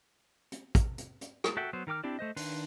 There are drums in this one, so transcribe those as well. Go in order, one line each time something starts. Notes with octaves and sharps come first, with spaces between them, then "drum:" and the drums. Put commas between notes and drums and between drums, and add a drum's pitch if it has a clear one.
drum: hi-hat
drum: kick, hi-hat
drum: hi-hat
drum: hi-hat
drum: rim click
F#4 A4 E5 F#5 G5
F#3 B3 C5
D#3 A#4 G5 D6 F6
C4 D4 E4 G4 D5
A3 C5 D#5
D#3 D4 B4 C6, drum: open hi-hat